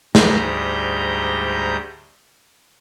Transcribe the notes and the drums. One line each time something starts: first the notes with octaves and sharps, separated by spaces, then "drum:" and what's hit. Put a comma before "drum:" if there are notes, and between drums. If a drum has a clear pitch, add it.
D2 G#2 G3 A#5 G6, drum: snare